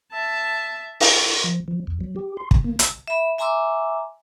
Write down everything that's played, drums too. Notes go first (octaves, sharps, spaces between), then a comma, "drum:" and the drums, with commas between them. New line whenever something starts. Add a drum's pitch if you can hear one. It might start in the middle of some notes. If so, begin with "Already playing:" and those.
E5 A5
drum: open hi-hat
C#6
F3
F3
E2
F#3
G4
C6
C#3, drum: kick
A#3
E6, drum: hi-hat
E5 B5
E5 G#5 A#5 C6 D6 E6